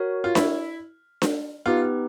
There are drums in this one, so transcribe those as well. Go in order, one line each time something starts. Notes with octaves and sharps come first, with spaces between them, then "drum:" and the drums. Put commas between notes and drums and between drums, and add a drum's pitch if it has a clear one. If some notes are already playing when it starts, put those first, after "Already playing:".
Already playing: F#4 A#4 C#5
F4
E4, drum: snare D4
drum: snare D4
B3 D#4 F4 G4 B4